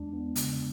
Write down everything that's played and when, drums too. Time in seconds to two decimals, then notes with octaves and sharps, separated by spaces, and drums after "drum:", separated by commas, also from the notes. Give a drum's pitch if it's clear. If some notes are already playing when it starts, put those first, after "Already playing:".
Already playing: E2 G#3 D4
0.13 B3
0.36 C#3, drum: hi-hat